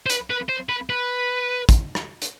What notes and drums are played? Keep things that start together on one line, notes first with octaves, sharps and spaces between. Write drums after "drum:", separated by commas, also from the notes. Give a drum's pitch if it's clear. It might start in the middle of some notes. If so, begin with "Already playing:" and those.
C5
B4, drum: hi-hat
B4
C5
B4
B4
drum: kick, hi-hat
drum: rim click
drum: hi-hat